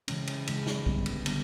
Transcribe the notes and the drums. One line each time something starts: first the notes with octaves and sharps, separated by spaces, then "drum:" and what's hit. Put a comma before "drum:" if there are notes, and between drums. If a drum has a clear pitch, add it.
C#3 E3 G#3 C#4, drum: cymbal
drum: cymbal
C#3 E3 G#3 C#4, drum: cymbal
drum: snare
D3 G3 B3, drum: kick
drum: cymbal
D3 G3 B3, drum: cymbal